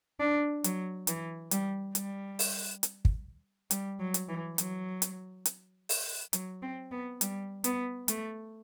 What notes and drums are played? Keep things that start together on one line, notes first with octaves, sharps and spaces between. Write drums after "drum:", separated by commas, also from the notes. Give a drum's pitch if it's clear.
D4
F#3, drum: hi-hat
E3, drum: hi-hat
G3, drum: hi-hat
G3, drum: hi-hat
drum: open hi-hat
drum: hi-hat
drum: kick
G3, drum: hi-hat
F#3
drum: hi-hat
E3
F#3, drum: hi-hat
drum: hi-hat
drum: hi-hat
drum: open hi-hat
F#3, drum: hi-hat
C4
B3
G3, drum: hi-hat
B3, drum: hi-hat
A3, drum: hi-hat